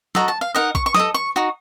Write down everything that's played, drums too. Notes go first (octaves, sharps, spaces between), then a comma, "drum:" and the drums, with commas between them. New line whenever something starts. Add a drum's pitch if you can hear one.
F#4 A4 D#5 A#5, drum: snare
A5
F5
D#4 A#4 D#5 F#5
C#6, drum: kick A#1
C#6
A4 D#5 D#6, drum: snare
C#6
D#4 F#4